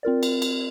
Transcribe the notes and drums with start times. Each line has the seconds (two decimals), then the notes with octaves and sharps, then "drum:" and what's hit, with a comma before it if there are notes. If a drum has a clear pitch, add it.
0.03 C4 F4 A#4 D5
0.23 drum: cymbal
0.42 drum: cymbal